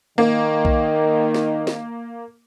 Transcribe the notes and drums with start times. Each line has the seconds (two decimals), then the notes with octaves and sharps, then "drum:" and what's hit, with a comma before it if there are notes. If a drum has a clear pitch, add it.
0.18 D#3 A#3
0.65 drum: kick B1
1.34 drum: snare
1.67 drum: snare